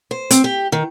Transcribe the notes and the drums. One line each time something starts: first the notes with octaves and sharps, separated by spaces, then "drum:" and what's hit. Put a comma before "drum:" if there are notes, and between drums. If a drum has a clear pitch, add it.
C5
C4, drum: hi-hat
G4
D#3